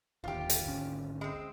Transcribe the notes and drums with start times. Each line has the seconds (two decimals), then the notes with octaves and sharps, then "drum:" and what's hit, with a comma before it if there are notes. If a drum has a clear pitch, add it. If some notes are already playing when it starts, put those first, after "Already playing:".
0.24 D1 D#2 F4 G4
0.50 drum: hi-hat
0.65 G#1 D2 C#4
1.21 G#3 C4